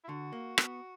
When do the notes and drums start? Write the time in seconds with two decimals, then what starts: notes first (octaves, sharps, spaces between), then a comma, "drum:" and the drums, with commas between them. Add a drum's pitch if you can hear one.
0.04 E4
0.08 D3 F#4
0.32 A#3
0.58 B3, drum: rim click